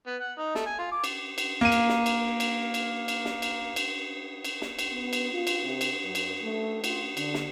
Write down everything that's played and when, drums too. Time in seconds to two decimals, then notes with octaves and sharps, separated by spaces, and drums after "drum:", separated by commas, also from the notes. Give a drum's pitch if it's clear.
0.07 B3
0.21 F#5
0.39 D#4
0.55 A3, drum: snare
0.66 G#5
0.79 F4
0.92 D6
1.04 drum: cymbal
1.38 drum: cymbal
1.61 A#3 D#7
1.72 drum: cymbal
1.89 drum: snare
2.06 drum: cymbal
2.40 drum: cymbal
2.74 drum: cymbal
3.08 drum: cymbal
3.25 drum: snare
3.42 drum: cymbal
3.76 drum: cymbal
4.44 drum: cymbal
4.62 drum: snare
4.79 drum: cymbal
4.92 B3
5.13 drum: cymbal
5.33 F4
5.47 drum: cymbal
5.64 C3
5.81 drum: cymbal
6.05 F#2
6.15 drum: cymbal
6.42 A3
6.84 F4, drum: cymbal
7.17 D3, drum: cymbal
7.34 drum: snare